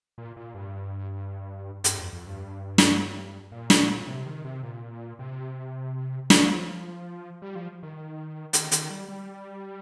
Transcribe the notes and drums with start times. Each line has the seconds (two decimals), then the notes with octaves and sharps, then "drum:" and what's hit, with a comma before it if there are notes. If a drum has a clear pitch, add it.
0.18 A#2
0.37 A#2
0.54 G2
1.84 G2, drum: hi-hat
1.99 F2
2.13 F2
2.27 G2
2.78 drum: snare
3.52 A#2
3.70 drum: snare
4.07 C3
4.26 D#3
4.45 C3
4.63 A#2
5.19 C3
6.30 F3, drum: snare
7.42 G3
7.55 F3
7.83 D#3
8.53 D#3, drum: hi-hat
8.72 D#3, drum: hi-hat
8.90 G3
9.09 G3